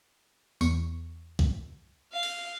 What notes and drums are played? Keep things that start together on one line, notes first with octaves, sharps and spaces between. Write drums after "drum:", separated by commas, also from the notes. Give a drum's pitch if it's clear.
E2 C#6, drum: tambourine
drum: kick
F5
drum: cymbal